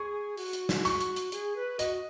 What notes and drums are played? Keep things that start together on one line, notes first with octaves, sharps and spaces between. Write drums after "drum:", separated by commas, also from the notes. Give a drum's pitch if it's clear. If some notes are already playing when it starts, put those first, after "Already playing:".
Already playing: G#4 C#6
F#4, drum: open hi-hat
drum: hi-hat
drum: snare
C#6, drum: hi-hat
drum: hi-hat
drum: hi-hat
G#4, drum: hi-hat
B4
F#4 D#5, drum: hi-hat